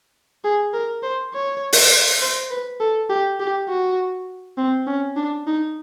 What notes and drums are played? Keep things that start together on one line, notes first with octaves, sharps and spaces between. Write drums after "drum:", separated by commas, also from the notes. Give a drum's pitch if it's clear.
G#4
A#4
C5
C#5
drum: open hi-hat
C5
B4
A4
G4
G4
F#4
C4
C#4
D4
D#4